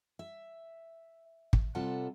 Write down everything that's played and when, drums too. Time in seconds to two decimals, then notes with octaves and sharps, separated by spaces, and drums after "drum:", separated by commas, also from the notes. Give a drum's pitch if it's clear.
0.19 E5
1.53 drum: kick
1.75 C3 G3 F4 A4 F#5 A5